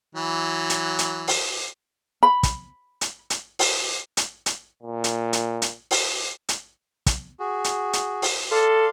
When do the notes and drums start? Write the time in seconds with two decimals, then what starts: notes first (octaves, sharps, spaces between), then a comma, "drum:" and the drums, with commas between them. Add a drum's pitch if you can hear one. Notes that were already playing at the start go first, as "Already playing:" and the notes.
0.15 E3 F#3
0.70 drum: hi-hat
0.99 drum: hi-hat
1.28 drum: open hi-hat
2.23 B5
2.43 drum: kick, hi-hat
3.01 drum: hi-hat
3.30 drum: hi-hat
3.59 drum: open hi-hat
4.17 drum: hi-hat
4.46 drum: hi-hat
4.83 A#2
5.04 drum: hi-hat
5.33 drum: hi-hat
5.62 drum: hi-hat
5.91 drum: open hi-hat
6.49 drum: hi-hat
7.06 drum: kick, hi-hat
7.40 F#4 G#4
7.64 drum: hi-hat
7.93 drum: hi-hat
8.22 drum: open hi-hat
8.51 A4 D5 F5 C6